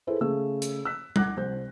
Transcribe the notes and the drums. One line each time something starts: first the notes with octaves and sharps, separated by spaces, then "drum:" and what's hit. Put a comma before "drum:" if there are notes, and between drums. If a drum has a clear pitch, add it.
E4 G#4 A4 B4 C5
C#3 A3 G#4 E6
drum: hi-hat
E6 F#6 B6
F#5 D6 F#6 A#6, drum: tom G3
C2 C5 G6